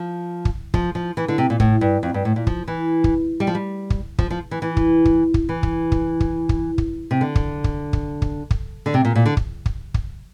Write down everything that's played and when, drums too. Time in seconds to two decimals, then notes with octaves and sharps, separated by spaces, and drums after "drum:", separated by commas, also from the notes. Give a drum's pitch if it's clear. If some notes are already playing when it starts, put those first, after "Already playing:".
Already playing: F3
0.45 drum: kick
0.74 F3, drum: kick
0.95 F3
1.17 E3
1.28 D3
1.38 C3
1.50 A#2
1.60 A2, drum: kick
1.81 G2
2.03 F2
2.14 G2
2.25 A2
2.36 A#2
2.47 F3, drum: kick
2.68 E3
3.04 drum: kick
3.40 G3
3.47 F3
3.55 G3
3.90 drum: kick
4.19 F3, drum: kick
4.30 F3
4.51 E3
4.62 E3
4.77 drum: kick
5.05 drum: kick
5.34 drum: kick
5.49 E3
5.63 drum: kick
5.92 drum: kick
6.20 drum: kick
6.49 drum: kick
6.78 drum: kick
7.11 C3
7.21 D3
7.36 drum: kick
7.64 drum: kick
7.93 drum: kick
8.22 drum: kick
8.51 drum: kick
8.86 D3
8.94 C3
9.05 A#2
9.15 A#2
9.26 D3
9.37 drum: kick
9.66 drum: kick
9.94 drum: kick